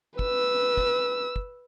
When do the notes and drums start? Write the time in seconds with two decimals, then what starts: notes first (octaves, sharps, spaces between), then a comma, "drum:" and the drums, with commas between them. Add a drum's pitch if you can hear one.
0.19 B4 E6, drum: kick
0.77 drum: kick
1.36 drum: kick